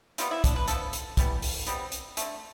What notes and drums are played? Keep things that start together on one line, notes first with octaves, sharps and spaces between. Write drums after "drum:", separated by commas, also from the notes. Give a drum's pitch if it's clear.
C3 G3 B3 F4, drum: hi-hat
E4
D4, drum: kick, hi-hat
B4
D3 F3 B3 A4, drum: hi-hat
drum: hi-hat
E3 G3 B3, drum: kick, hi-hat
drum: open hi-hat
C3 G3 B3, drum: hi-hat
drum: hi-hat
D3 A3, drum: hi-hat